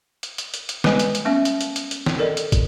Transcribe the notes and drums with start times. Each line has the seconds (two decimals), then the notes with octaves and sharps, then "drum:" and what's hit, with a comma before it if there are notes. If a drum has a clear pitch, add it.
0.23 drum: hi-hat
0.38 drum: hi-hat
0.54 drum: hi-hat
0.69 drum: hi-hat
0.84 G3 G#3 B3 B4 D#5 G#5, drum: snare
0.99 drum: hi-hat
1.15 drum: hi-hat
1.25 A#3 B3 C#4 E5
1.45 drum: hi-hat
1.61 drum: hi-hat
1.76 drum: hi-hat
1.91 drum: hi-hat
2.06 drum: snare
2.19 A4 A#4 D5 D#5
2.37 drum: hi-hat
2.52 drum: kick, hi-hat